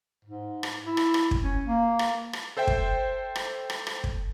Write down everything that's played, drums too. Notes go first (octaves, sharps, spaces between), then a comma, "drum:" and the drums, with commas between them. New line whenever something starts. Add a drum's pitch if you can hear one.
G#2
drum: rim click
E4
drum: rim click
drum: rim click
drum: kick
C#4
A#3
drum: rim click
drum: rim click
A4 C5 E5 G5
drum: kick
drum: rim click
drum: rim click
drum: rim click
drum: kick